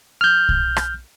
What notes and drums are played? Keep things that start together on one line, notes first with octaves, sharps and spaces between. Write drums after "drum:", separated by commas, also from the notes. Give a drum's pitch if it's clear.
F6 G6
drum: kick B1
drum: rim click